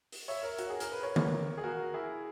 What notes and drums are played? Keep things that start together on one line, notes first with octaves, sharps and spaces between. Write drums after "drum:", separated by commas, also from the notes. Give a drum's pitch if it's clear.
drum: open hi-hat
C#5 E5
A#4 C#5
F#4, drum: hi-hat
G#4
A#4, drum: hi-hat
B4
A#4 C#5
drum: tom
G#4
F#4 A#4
E4 G#4